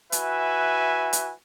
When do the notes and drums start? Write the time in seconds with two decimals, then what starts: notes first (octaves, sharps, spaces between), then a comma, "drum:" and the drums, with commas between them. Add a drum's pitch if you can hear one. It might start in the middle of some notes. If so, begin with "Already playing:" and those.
0.12 E4 F#4 B4 E5 G#5, drum: hi-hat
1.13 drum: hi-hat